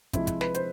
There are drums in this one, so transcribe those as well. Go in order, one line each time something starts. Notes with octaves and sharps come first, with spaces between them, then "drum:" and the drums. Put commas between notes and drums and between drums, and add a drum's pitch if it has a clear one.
C3 F3 G#3 E4, drum: kick, hi-hat
drum: kick, hi-hat
B4, drum: snare
C5, drum: hi-hat